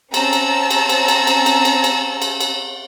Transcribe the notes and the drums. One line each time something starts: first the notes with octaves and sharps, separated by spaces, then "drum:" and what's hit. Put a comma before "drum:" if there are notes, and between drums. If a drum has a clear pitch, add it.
C4 C#4 A5 A#5 E6, drum: cymbal
drum: cymbal
drum: cymbal
drum: cymbal
drum: cymbal
drum: cymbal
drum: cymbal
drum: cymbal
drum: cymbal
drum: cymbal
drum: cymbal